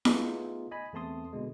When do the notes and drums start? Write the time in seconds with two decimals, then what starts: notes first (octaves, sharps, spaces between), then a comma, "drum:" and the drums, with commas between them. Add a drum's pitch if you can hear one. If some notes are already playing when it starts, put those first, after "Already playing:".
0.05 A3 B3 D#4 F4 G#4, drum: snare E4
0.71 D#5 G#5 B5
0.93 E2 A3 C4 A5 C6 D#6
1.33 B2 D3 G#3